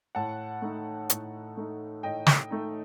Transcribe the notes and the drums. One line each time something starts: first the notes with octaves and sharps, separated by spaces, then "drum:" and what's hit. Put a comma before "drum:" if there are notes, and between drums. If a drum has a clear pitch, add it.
A2 F#5 A5
A3 D#4
A2, drum: hi-hat
A3 D#4
A2 D#5 G5
drum: snare
A3 D#4